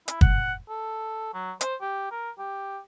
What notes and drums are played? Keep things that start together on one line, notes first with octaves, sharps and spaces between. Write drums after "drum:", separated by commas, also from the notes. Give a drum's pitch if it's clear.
E4, drum: hi-hat
F#5, drum: kick
A4
F#3
C5, drum: hi-hat
G4
A#4
G4